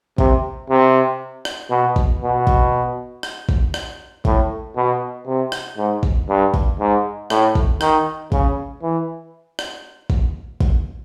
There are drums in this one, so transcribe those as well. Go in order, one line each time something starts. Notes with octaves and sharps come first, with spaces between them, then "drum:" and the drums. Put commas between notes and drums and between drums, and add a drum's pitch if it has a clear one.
C3, drum: kick A1
C3
drum: rim click
B2
drum: kick A1
B2
drum: kick A1
drum: rim click
drum: kick A1
drum: rim click
A2, drum: kick A1
B2
C3
drum: rim click
G#2
drum: kick A1
G2
drum: kick A1
G#2
A2, drum: rim click
drum: kick A1
D#3, drum: rim click
C#3, drum: kick A1
E3
drum: rim click
drum: kick A1
drum: kick A1